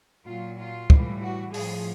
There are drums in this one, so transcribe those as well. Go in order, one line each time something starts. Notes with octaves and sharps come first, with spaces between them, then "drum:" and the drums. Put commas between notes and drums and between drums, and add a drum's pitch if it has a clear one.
A#2 F#3 F4
F4
A2 E3 G3, drum: kick
F#4
A2 F3 G#4, drum: open hi-hat